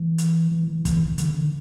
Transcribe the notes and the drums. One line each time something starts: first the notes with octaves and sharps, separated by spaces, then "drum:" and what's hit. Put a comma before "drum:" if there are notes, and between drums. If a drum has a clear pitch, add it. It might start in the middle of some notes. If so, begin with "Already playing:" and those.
Already playing: E3
drum: hi-hat
E3
E3
E3, drum: kick, hi-hat
D#3
D3, drum: hi-hat
D3
D#3